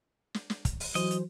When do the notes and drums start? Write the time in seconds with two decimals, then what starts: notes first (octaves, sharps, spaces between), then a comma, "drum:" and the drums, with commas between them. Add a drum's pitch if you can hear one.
0.34 drum: snare
0.50 drum: snare
0.65 drum: kick, hi-hat
0.80 drum: open hi-hat
0.95 E3 F#3 C5 D#5, drum: hi-hat
1.11 drum: hi-hat